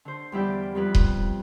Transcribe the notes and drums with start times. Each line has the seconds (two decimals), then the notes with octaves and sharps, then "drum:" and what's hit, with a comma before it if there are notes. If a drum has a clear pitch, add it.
0.05 D3 C5
0.32 E2 G3 E4 D5 G5
0.75 F2 G3 B4
0.95 drum: kick D#1